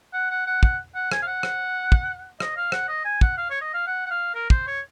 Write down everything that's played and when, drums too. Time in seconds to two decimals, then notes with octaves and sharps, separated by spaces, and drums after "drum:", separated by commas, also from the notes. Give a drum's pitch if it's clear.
0.13 F#5
0.30 F#5
0.47 F#5
0.63 F#5, drum: kick
0.95 F#5
1.12 G#5, drum: rim click
1.22 F5
1.27 F#5
1.43 drum: rim click
1.92 drum: kick
2.40 D#5, drum: rim click
2.57 F5
2.72 F#5, drum: rim click
2.88 D#5
3.05 G#5
3.21 F#5, drum: kick
3.38 F5
3.50 C#5
3.62 D#5
3.74 F5
3.87 F#5
4.06 F#5
4.11 F5
4.34 A#4
4.50 C5, drum: kick
4.67 C#5